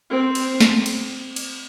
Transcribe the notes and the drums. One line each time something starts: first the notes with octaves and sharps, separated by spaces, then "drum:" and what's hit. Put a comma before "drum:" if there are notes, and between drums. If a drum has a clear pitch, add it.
C4
drum: cymbal
drum: snare
drum: cymbal
drum: cymbal